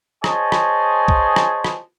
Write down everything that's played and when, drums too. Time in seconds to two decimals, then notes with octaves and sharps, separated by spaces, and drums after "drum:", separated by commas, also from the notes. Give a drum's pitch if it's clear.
0.24 G#4 C5 C#5 D#5 G#5 A5, drum: rim click
0.52 drum: rim click
1.08 drum: kick
1.36 drum: rim click
1.64 drum: rim click